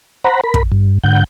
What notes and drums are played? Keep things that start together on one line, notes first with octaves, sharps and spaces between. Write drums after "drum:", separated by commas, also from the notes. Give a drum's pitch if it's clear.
C5 F#5 A#5 B5
A#4 B5
drum: kick
G2
G#2 D3 F#5 G6